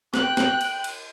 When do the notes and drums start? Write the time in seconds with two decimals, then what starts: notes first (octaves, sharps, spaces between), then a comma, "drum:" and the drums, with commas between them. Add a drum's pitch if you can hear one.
0.14 G5 F#6, drum: snare
0.37 drum: snare
0.61 drum: cymbal
0.84 drum: cymbal